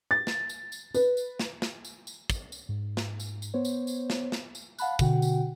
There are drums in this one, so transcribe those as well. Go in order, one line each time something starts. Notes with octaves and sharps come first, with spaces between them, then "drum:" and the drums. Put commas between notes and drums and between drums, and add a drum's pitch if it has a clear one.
A6
drum: snare
drum: tambourine
drum: tambourine
B4, drum: tambourine
drum: tambourine
drum: snare
drum: snare
drum: tambourine
drum: tambourine
drum: kick, tambourine
drum: tambourine
G#2
drum: snare
drum: tambourine
drum: tambourine
B3 C5 C#5
drum: tambourine
drum: tambourine
drum: snare
drum: snare
drum: tambourine
F5 F#5 A5 B5 F#6, drum: tambourine
B2 D3 F#4 F#5 G5, drum: kick, tambourine
drum: tambourine